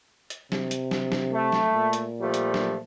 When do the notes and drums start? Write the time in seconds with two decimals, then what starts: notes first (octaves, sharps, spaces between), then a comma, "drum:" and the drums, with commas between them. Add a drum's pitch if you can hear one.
0.30 drum: hi-hat
0.52 C3, drum: snare
0.71 drum: hi-hat
0.91 drum: snare
1.12 drum: snare
1.32 A3
1.52 drum: snare
1.74 A#2
1.93 drum: hi-hat
2.20 F3 G3 A3
2.34 drum: hi-hat
2.54 drum: snare